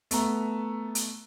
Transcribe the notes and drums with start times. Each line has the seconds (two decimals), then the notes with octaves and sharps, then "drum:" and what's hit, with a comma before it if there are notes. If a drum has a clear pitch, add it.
0.11 A3 B3 A#5, drum: hi-hat
0.95 drum: hi-hat